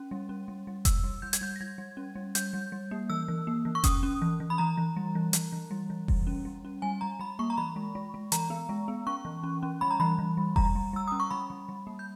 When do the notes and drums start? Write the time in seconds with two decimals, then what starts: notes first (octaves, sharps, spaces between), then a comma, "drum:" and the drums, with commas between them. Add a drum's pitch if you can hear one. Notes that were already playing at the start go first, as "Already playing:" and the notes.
Already playing: C#4
0.11 G3
0.29 C#4
0.48 G3
0.67 G3
0.85 G3 E6, drum: kick F1, hi-hat
1.04 G3
1.22 G3 G6
1.33 G#6, drum: hi-hat
1.41 G3 G6
1.56 A#6
1.61 G3 G#6
1.78 G3
1.97 C#4
2.16 G3
2.35 G3 G6, drum: hi-hat
2.53 G3
2.72 G3
2.91 A#3
3.10 E3 E6
3.28 E3
3.47 A#3
3.65 E3
3.75 C#6
3.84 C#4 D#6, drum: kick F1, hi-hat
4.03 C#4
4.22 E3
4.40 E3
4.50 B5
4.58 E3 A#5
4.77 E3
4.96 G3
5.15 E3
5.33 E3, drum: hi-hat
5.52 E3
5.71 G3
5.90 E3
6.08 G3, drum: kick F1
6.27 C#4
6.45 G3
6.65 C#4
6.82 G3 G#5
7.01 G3 A#5
7.19 G3 B5
7.39 A#3 C#6
7.50 A#5
7.57 E3 B5
7.76 G#3
7.95 G#3
8.14 G#3
8.32 E3 A#5, drum: hi-hat
8.50 B3
8.69 G#3
8.88 B3
9.07 C#4 C#6
9.25 E3
9.44 C#4
9.63 C#4
9.81 G3 B5
9.91 A#5
10.00 E3 B5
10.19 E3
10.37 G3
10.56 G3 A#5, drum: kick F1
10.75 G3
10.93 G3 E6
11.08 C#4 D#6
11.20 C#6
11.30 G3 B5
11.50 G3
11.69 G3
11.87 A#3
11.99 G6